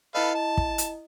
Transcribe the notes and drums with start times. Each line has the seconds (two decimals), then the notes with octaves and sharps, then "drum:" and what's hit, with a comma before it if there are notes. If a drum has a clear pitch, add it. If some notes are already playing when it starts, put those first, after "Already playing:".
0.15 E4 A4 B4 D#5 F5
0.35 A5
0.57 drum: kick
0.78 drum: hi-hat